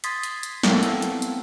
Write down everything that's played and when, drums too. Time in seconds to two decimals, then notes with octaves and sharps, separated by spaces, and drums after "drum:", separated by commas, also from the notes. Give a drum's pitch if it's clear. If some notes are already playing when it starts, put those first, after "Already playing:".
0.04 C6 D#6 G#6 A6 B6 C7, drum: hi-hat
0.23 drum: hi-hat
0.43 drum: hi-hat
0.63 B3 C4 E4 A4 A#4 F5, drum: snare
0.83 drum: hi-hat
1.02 drum: hi-hat
1.22 drum: hi-hat